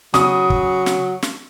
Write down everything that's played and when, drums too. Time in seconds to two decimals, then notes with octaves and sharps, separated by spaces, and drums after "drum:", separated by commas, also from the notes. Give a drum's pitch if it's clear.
0.14 C#3 F#3 D#6, drum: snare
0.50 drum: kick
0.86 drum: snare
1.22 drum: snare